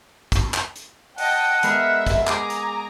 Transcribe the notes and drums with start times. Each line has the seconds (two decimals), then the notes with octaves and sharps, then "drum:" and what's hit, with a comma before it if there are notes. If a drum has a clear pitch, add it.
0.32 drum: kick, hi-hat
0.54 drum: clap
0.76 drum: hi-hat
1.18 D#5 F#5 G5 A5, drum: open hi-hat
1.63 G#3 B3 A#4 E5, drum: hi-hat
2.06 drum: kick, hi-hat
2.27 G#4 G#5 A#5 D6, drum: clap
2.50 drum: hi-hat